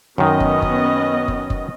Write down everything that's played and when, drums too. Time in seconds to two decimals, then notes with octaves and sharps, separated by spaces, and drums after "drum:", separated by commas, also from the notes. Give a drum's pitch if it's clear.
0.18 F#2 D#3 B3 C#4 D#5
0.40 drum: kick
0.62 drum: kick
1.28 drum: kick
1.50 drum: kick